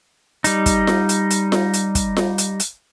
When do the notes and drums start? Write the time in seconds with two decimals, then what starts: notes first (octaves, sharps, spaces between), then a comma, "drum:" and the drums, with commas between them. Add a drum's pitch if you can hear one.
0.44 G3 D#4, drum: hi-hat
0.66 drum: kick, hi-hat
0.87 drum: snare F4
1.09 drum: hi-hat
1.30 drum: hi-hat
1.52 drum: snare F4
1.73 drum: hi-hat
1.95 drum: kick, hi-hat
2.17 drum: snare F4
2.38 drum: hi-hat
2.60 drum: hi-hat